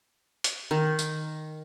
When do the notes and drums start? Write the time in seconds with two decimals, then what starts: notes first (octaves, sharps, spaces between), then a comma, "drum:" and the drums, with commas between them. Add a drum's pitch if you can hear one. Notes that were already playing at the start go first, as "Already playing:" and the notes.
0.44 drum: hi-hat
0.71 D#3
0.99 drum: tambourine